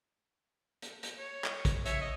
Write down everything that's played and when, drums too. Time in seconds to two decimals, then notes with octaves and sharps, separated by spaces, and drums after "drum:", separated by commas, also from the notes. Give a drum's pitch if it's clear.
0.82 drum: hi-hat
1.03 drum: hi-hat
1.18 C#5
1.44 drum: clap
1.65 drum: kick, hi-hat
1.86 A#1 C#5 E5, drum: hi-hat
2.02 D#5